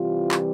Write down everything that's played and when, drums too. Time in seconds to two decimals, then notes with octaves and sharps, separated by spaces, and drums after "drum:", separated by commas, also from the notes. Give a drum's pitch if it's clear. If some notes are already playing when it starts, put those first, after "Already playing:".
Already playing: C3 E3 G3 F4
0.31 drum: clap